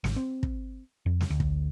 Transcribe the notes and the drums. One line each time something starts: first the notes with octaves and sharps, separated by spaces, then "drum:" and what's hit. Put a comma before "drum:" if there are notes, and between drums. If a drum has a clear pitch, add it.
G#1, drum: snare
C4
drum: kick
F2
drum: snare
D2
drum: kick